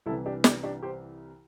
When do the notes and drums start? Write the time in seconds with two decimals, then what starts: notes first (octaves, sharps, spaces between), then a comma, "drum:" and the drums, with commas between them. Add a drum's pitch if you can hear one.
0.06 C2 C3 E3 E4 A4
0.26 D4 G4
0.44 D4 G4, drum: snare
0.64 D4 G4
0.83 G4 C5